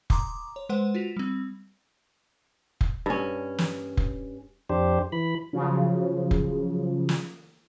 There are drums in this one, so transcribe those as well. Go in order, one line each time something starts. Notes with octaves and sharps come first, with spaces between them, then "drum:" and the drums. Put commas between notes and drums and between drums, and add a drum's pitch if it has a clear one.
A#5 C6 D6 D#6, drum: kick F1
C#5
G#3 B4 C5 F#5
F4 F#4 B6 F7
G3 C4
drum: kick F1
G2 C#4
drum: snare
drum: kick F1
F2 D4 G4 C5
E3 B5
C#3 F3 F#3
drum: kick F1
drum: snare